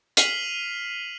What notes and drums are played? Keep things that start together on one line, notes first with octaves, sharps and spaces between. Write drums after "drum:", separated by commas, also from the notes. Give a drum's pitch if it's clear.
F6 B6 C7 D#7 F7 F#7, drum: hi-hat